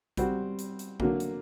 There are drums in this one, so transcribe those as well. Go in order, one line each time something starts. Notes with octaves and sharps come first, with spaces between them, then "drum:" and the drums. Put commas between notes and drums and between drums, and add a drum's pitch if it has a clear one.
G3 C4 F#4, drum: kick A#1, hi-hat
drum: hi-hat
drum: hi-hat
D3 F#3 A#3, drum: kick A#1
drum: hi-hat